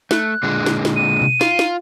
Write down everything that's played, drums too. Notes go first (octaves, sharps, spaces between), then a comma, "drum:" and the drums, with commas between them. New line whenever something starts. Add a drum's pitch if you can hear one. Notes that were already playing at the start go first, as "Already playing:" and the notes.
A3 F#6, drum: snare
A#2 D3 G#3
drum: snare
drum: snare
D#7
drum: tom B2
F4, drum: snare
drum: snare